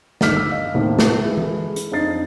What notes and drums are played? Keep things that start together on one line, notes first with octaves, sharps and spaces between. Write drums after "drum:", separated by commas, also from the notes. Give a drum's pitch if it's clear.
G1 D#2 D6 F6 B6, drum: snare
E6
D#5 F5
D#2 A2 C3 A#3 C4
drum: snare
G#3 E4 A4 B4
drum: tom E3
drum: hi-hat
F2 F3 D4 D#4 A6 C7